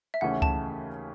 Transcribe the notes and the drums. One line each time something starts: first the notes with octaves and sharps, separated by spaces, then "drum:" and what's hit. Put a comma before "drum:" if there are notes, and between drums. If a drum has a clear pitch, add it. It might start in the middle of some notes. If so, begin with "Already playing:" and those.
E5
D#2 C#3 E3 A3 C#4 F#5
A5, drum: kick C#2